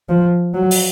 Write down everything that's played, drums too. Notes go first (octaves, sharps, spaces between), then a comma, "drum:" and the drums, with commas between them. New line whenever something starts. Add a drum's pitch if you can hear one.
F3
F#3
drum: open hi-hat